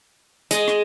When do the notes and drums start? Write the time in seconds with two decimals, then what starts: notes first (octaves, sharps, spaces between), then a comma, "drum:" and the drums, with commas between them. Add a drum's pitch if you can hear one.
0.51 G#3 D#5, drum: hi-hat
0.68 drum: rim click